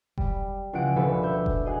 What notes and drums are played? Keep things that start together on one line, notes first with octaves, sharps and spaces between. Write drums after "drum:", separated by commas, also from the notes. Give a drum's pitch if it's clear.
G3, drum: kick F1
C#2 F3 E4 F#5 D7
D#1 D2 B2 F3 A4 B4
E5 E6 G6
drum: kick F1
F#4 G#4 D#5